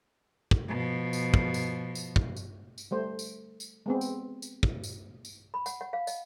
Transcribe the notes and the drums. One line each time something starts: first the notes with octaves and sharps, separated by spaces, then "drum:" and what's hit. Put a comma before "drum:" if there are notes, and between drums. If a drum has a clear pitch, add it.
drum: kick
B2 F3
drum: tambourine
drum: kick
drum: tambourine
drum: tambourine
drum: kick
drum: tambourine
drum: tambourine
G3 A3 C5
drum: tambourine
drum: tambourine
G#3 B3 C4
drum: tambourine
drum: tambourine
drum: kick
drum: tambourine
drum: tambourine
B5
F#5, drum: tambourine
F#5
F5
D#5, drum: tambourine